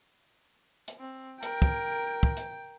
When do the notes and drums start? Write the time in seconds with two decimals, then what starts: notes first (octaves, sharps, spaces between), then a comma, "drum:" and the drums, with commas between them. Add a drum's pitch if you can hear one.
0.88 drum: hi-hat
1.00 C4
1.43 A#4 G5, drum: hi-hat
1.62 drum: kick
2.23 drum: kick
2.37 drum: hi-hat